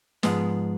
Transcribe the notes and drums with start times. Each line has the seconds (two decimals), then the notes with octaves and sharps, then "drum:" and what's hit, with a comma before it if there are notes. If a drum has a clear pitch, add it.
0.23 G#2 F3 G#3 B3, drum: snare